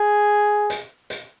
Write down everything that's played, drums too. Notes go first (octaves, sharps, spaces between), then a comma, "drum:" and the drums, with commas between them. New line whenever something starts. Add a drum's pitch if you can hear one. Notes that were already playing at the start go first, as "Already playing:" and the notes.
Already playing: G#4
drum: hi-hat
drum: hi-hat